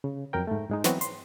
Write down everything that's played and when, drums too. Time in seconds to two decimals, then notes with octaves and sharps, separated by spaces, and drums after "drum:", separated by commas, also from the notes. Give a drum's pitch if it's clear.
0.04 C#3
0.33 F2 F#3 A#4 G5
0.47 G#2 A3
0.69 G#2 G#3 D#4
0.84 E3 F#3 B3 C4 F#4, drum: snare
1.01 C6, drum: hi-hat